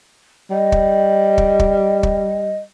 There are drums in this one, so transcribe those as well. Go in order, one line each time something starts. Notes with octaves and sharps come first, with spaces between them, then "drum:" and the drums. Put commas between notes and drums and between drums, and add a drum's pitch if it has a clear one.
G3 D#5
drum: kick
drum: kick
drum: kick
drum: kick